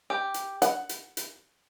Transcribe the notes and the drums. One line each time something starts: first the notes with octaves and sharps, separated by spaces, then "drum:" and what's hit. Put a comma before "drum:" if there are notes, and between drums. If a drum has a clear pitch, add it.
G4
drum: hi-hat
F#5, drum: hi-hat
drum: hi-hat
drum: hi-hat